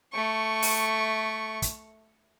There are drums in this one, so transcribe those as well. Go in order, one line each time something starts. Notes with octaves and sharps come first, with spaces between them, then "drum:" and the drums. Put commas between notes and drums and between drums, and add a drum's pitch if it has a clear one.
A3 C#6
drum: open hi-hat
drum: kick, hi-hat